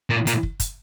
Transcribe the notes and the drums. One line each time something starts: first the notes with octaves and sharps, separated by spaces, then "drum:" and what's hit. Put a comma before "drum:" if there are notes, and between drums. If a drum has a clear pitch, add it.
A#2
A#2, drum: hi-hat
drum: kick
drum: kick, hi-hat